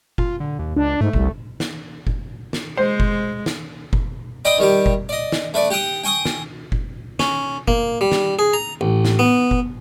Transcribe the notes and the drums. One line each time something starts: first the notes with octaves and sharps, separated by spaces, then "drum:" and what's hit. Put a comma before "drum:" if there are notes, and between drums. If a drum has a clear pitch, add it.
F4, drum: kick F#1
D3
D#2
C#2 D4
G#2 A3
C2, drum: kick F#1
drum: snare
drum: kick F#1
drum: snare
G#3 C5
drum: kick F#1
drum: snare
drum: kick F#1
D5 D#5 G5 B5 D6 D#6
D#3 G3 G4
drum: kick F#1
D5 D#5
drum: snare
A3 B4 D5
G4 F#5 G5 D#6
G5 G#5 C#6 D#6
drum: snare
drum: kick F#1
C#4, drum: snare
A#3, drum: kick F#1
G3
drum: snare
G#4
A#5
A1
drum: snare
B3
drum: kick F#1